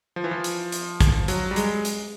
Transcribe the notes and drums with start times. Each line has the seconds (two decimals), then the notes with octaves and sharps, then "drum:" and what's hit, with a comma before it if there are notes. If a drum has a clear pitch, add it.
0.16 F3
0.24 E3
0.31 F3
0.44 drum: hi-hat
0.72 drum: hi-hat
1.01 drum: kick, hi-hat
1.28 F#3, drum: hi-hat
1.51 G3
1.56 G#3, drum: hi-hat
1.85 drum: hi-hat